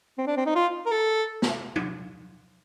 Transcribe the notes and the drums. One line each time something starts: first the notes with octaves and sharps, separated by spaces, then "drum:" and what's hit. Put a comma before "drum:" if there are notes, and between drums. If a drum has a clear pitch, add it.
C4
D4
C4
D#4
F4
A#4
A4
drum: snare
drum: tom